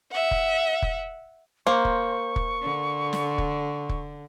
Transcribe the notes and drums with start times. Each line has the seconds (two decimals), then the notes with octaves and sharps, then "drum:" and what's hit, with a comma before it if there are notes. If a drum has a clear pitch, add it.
0.11 E5 F#5
0.31 drum: kick
0.82 drum: kick
1.67 A#3 C5 C#6
1.85 drum: kick
2.36 drum: kick
2.61 D3
3.13 drum: snare
3.38 drum: kick
3.89 drum: kick